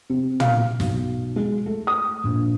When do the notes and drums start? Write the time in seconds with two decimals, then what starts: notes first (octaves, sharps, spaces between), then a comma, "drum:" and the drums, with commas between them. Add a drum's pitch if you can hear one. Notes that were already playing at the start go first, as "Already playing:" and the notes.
0.10 C3
0.40 F5, drum: tom
0.80 B1, drum: snare
1.36 G#3
1.66 A3
1.87 D#6
2.24 A#1